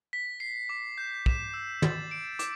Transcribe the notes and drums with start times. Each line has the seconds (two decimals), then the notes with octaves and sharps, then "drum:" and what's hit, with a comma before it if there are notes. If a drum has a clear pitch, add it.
0.13 B6
0.40 C7
0.69 D6
0.98 G6
1.26 E7, drum: kick
1.54 E6
1.82 A6, drum: tom
2.11 D7
2.39 D6, drum: hi-hat